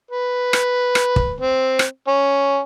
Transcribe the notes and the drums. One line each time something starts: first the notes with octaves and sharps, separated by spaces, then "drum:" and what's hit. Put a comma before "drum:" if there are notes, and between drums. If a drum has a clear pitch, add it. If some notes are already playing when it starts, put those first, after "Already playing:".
B4
drum: rim click
drum: rim click
drum: kick
C4
drum: rim click
C#4